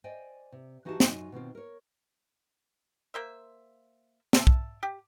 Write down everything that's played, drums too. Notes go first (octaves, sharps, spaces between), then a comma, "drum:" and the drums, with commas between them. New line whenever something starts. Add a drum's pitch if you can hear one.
C5 D5 D#5 G5 G#5
C3
E3 D#4 F#4 G4 F5 A5
F#2 D#4 F4 F#4 G#5, drum: snare
B2 D#3 C4 F4
A#4 C#5
A#3 C5 E5
A3 E5 A5, drum: snare
drum: kick
G4